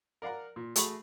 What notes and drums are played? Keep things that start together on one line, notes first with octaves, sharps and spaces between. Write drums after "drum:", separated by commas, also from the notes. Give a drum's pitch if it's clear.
A#4 D5 F5 F#5 A#5
A#2
A3 F#4 G#4 B5 C#6, drum: hi-hat